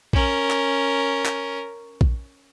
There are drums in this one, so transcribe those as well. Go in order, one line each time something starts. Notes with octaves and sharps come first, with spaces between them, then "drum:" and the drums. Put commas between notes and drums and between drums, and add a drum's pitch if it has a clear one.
C#4 A#4, drum: kick A#1
drum: clap
drum: clap
drum: kick A#1